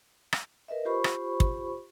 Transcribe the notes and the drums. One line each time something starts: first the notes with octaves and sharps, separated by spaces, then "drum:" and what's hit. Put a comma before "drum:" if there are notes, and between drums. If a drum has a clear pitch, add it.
drum: rim click
A#4 B4 D#5 E5
F4 G4 C5 B5 C#6
drum: rim click
drum: kick